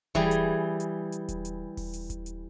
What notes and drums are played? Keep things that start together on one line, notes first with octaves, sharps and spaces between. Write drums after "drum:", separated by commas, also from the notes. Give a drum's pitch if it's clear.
E3 G3 G#4, drum: kick D#1
drum: hi-hat
drum: hi-hat
drum: hi-hat
drum: kick D#1, hi-hat
drum: hi-hat
drum: kick D#1, open hi-hat
drum: hi-hat
drum: kick D#1, hi-hat
drum: hi-hat